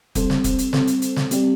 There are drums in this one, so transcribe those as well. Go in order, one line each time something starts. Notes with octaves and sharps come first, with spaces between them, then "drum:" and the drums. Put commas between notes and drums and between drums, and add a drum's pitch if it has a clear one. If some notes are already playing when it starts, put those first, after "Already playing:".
G3 C4 A4 C5, drum: kick, hi-hat
drum: snare
drum: kick, hi-hat
drum: hi-hat
G3 C4 A4 C5, drum: snare
drum: hi-hat
drum: hi-hat
drum: snare
G3 C4 G4 D5, drum: hi-hat